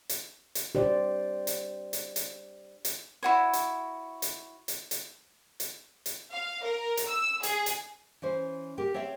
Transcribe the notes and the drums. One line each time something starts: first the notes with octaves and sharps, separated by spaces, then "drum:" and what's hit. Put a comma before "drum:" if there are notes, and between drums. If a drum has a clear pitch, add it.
drum: hi-hat
drum: hi-hat
G4 C5 D5
drum: hi-hat
drum: hi-hat
drum: hi-hat
drum: hi-hat
E4 F#4 C#5
drum: hi-hat
drum: hi-hat
drum: hi-hat
drum: hi-hat
drum: hi-hat
drum: hi-hat
F5
A#4
drum: hi-hat
E6
G#4, drum: hi-hat
drum: hi-hat
E3 C#4 C5
G4 A#4 G5
C4 C#5 E5 F5 G5